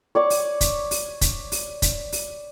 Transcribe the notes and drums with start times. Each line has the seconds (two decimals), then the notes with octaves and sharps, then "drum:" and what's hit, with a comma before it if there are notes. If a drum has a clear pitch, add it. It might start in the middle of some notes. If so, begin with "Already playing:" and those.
0.15 C#5 D5 C#6
0.30 drum: open hi-hat
0.61 drum: kick, hi-hat
0.91 drum: open hi-hat
1.21 drum: kick, hi-hat
1.52 drum: open hi-hat
1.82 drum: kick, hi-hat
2.12 drum: open hi-hat